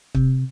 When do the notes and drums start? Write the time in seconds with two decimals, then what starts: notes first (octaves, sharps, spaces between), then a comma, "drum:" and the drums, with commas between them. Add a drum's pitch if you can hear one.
0.15 C3, drum: kick